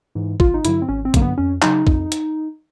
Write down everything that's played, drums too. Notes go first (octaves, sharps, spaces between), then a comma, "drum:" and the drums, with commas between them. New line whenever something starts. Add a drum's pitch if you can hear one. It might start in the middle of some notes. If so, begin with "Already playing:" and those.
G#2 E3
G#1 F4, drum: kick
D#4
G2 D3 F#3 E4, drum: hi-hat
C4
G#1 C#4
C4
G2 D3 F#3 A#3, drum: kick, hi-hat
B3
F2 C#4
C#3 F#3 D#4, drum: clap
F2, drum: kick
drum: hi-hat